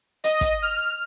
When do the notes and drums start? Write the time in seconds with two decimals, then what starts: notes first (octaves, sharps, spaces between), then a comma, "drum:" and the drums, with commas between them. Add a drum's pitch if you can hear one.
0.24 D#5, drum: hi-hat
0.41 drum: kick, hi-hat
0.62 F6